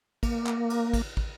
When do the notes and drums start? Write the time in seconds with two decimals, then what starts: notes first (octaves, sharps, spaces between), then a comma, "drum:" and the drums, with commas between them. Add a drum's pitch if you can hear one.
0.23 A#3, drum: kick, cymbal
0.46 drum: clap
0.70 drum: cymbal
0.93 drum: kick, cymbal
1.17 drum: kick